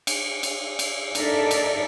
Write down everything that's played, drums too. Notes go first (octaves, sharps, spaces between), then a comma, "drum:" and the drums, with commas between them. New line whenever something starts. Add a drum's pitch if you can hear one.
drum: cymbal
drum: cymbal
drum: cymbal
D4 D#4 A4 A#4 D5 E5, drum: cymbal
drum: cymbal